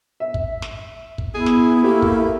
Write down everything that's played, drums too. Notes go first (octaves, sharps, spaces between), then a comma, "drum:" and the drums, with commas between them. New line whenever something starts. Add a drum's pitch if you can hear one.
E5
drum: kick
drum: snare
drum: kick
B3 E4 G#4
drum: snare
A3 A#3 G4
drum: kick